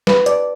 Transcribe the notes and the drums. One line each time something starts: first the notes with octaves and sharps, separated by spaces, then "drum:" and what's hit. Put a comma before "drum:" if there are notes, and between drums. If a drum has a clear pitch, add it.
B4, drum: snare
D5, drum: hi-hat